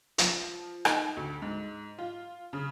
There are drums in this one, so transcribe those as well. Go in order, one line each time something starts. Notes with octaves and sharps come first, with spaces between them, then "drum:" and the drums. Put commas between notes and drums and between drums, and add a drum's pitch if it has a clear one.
F3, drum: hi-hat
D#4, drum: rim click
D2
G#2
F4
C#3